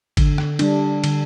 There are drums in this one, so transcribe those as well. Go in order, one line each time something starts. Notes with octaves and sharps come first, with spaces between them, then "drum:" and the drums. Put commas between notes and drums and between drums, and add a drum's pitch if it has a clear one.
D3, drum: kick G#1, cymbal
drum: rim click
G3 D4, drum: cymbal
D3, drum: cymbal